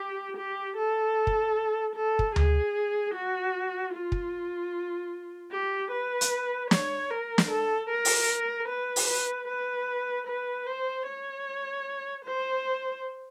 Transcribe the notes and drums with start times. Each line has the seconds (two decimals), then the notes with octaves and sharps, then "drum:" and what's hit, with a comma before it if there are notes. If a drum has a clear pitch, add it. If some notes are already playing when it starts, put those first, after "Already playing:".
Already playing: G4
0.37 G4
0.78 A4
1.27 drum: kick
1.96 A4
2.19 drum: kick
2.36 G#4, drum: tom D2
3.14 F#4
3.94 F4
4.12 drum: kick
5.51 G4
5.91 B4
6.21 drum: hi-hat
6.71 C#5, drum: snare
7.10 A#4
7.38 drum: snare
7.51 A4
7.89 A#4
8.05 drum: open hi-hat
8.68 B4
8.96 drum: open hi-hat
9.08 B4
9.48 B4
10.27 B4
10.66 C5
11.07 C#5
12.25 C5